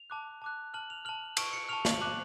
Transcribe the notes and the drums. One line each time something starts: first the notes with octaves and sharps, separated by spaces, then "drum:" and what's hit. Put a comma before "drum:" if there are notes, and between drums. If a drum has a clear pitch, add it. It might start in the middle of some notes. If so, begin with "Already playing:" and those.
Already playing: F7
A5 D6 F#6
A5 D6 F#6
A5 F6 F#7
F7
A5 F6 F#7
A5 C#6 F6 D7, drum: cymbal
C#7
A5 C#6 F6 F7
F#7, drum: snare
A5 D6 F#6 F#7